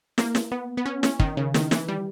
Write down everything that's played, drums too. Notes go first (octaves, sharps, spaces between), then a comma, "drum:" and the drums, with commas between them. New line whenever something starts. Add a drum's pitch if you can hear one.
A#3, drum: snare
drum: snare
B3
B3
C#4
C#4, drum: snare
D#3, drum: kick
C#3
D#3, drum: snare
E3, drum: snare
G3